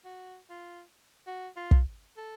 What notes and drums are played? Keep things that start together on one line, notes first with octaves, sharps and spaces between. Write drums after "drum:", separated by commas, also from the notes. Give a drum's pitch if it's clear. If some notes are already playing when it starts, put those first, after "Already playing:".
F#4
F4
F#4
F4
drum: kick
A4